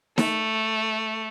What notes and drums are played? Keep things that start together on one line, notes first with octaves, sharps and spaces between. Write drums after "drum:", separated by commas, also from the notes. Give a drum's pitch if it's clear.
A3, drum: snare D#4